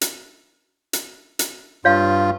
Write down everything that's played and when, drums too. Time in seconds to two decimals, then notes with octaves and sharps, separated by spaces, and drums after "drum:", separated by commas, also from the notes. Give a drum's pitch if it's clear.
0.01 drum: hi-hat
0.93 drum: hi-hat
1.39 drum: hi-hat
1.85 G2 F4 C#5 F5